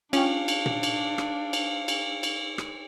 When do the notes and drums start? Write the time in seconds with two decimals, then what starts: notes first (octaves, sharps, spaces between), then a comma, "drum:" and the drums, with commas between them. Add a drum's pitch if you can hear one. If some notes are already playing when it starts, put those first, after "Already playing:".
0.13 C#4 D4 F4 F5 G5, drum: cymbal
0.48 drum: cymbal
0.66 drum: tom A#2
0.83 drum: cymbal
1.18 drum: rim click
1.53 drum: cymbal
1.88 drum: cymbal
2.23 drum: cymbal
2.58 drum: rim click